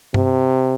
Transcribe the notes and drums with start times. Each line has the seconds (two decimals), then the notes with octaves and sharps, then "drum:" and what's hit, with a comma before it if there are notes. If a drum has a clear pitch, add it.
0.14 C3, drum: tom G2